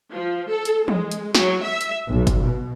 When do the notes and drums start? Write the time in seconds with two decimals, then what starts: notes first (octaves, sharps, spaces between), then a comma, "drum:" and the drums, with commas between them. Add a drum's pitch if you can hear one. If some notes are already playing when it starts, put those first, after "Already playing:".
0.13 F3
0.49 A4
0.65 drum: hi-hat
0.88 G#3, drum: tom E3
1.11 drum: hi-hat
1.35 F#3, drum: snare
1.63 E5
1.81 drum: hi-hat
2.09 B1
2.27 drum: kick G1, hi-hat
2.44 B2